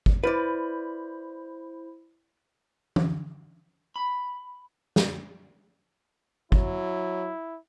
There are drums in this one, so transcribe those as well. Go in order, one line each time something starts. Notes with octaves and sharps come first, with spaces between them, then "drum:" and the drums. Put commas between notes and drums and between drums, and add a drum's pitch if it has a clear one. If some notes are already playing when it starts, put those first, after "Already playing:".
drum: kick
E4 B4 C5 D5 B5
drum: tom E3
B5
drum: snare
F#3 E4, drum: kick